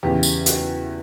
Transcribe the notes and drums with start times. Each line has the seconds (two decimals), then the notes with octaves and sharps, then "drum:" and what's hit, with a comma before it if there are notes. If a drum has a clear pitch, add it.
0.03 E2 C#3 E3 G4
0.23 drum: tambourine
0.46 F#4, drum: hi-hat